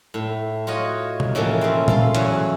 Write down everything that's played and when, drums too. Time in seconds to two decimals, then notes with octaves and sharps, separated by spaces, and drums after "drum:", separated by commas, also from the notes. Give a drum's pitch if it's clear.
0.14 A2
0.67 F4 F#4 C#5 D#5
1.20 drum: tom B2
1.35 A2 C#3 E3 F3 A#3 G4
1.61 C#3 C4
1.88 F4 A4 F5, drum: tom A#2
2.15 E2 F#3 C#4, drum: hi-hat